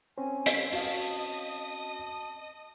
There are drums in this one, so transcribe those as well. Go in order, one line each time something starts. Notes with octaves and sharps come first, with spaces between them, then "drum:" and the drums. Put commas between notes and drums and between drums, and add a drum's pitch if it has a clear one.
C4 C#4 G#5
drum: hi-hat
F#4 D#5 F5 A5 D#6, drum: open hi-hat